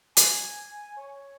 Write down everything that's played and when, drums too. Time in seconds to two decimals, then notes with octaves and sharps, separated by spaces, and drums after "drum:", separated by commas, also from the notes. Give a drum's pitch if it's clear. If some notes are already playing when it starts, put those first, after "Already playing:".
0.17 G#5, drum: hi-hat
0.97 C#5